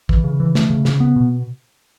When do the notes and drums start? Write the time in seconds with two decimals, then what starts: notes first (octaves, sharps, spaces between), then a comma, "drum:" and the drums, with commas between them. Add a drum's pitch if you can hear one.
0.09 E3, drum: kick
0.24 C#3
0.40 E3
0.55 A3, drum: snare
0.70 C#3
0.85 C#3, drum: snare
1.00 B3
1.16 B2